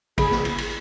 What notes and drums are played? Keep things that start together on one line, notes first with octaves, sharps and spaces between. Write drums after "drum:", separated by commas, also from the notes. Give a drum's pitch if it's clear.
G#4 B5, drum: kick G#1, cymbal
drum: snare
drum: cymbal
drum: cymbal